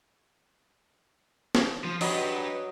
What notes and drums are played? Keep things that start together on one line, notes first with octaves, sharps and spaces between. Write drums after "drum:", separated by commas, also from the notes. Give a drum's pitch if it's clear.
drum: snare
F3
F#3 D4 B4 D#5 F#5, drum: open hi-hat